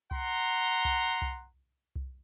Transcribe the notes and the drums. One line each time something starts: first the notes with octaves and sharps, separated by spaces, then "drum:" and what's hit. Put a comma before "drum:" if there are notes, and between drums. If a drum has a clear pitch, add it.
F#5 A#5 C6, drum: kick C2
drum: kick C2
drum: kick C2
drum: kick C2